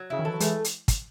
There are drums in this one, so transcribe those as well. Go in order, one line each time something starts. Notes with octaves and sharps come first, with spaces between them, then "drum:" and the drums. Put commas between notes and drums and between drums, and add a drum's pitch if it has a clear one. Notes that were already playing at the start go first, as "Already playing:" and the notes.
Already playing: F#3
C#3 E4
D#3
E3 A4
F#3
E3 G#3 A3, drum: hi-hat
drum: hi-hat
drum: kick, hi-hat